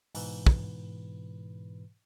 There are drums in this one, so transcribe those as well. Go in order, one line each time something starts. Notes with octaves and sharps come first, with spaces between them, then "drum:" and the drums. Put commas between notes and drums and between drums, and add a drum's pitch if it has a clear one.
G#2 B2 E3 B4, drum: open hi-hat
drum: kick